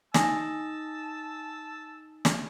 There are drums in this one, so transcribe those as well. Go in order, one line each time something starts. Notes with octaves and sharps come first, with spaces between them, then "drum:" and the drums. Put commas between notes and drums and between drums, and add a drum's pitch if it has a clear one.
D#4 G#5 A5 D#6 E6 A#6, drum: snare
drum: snare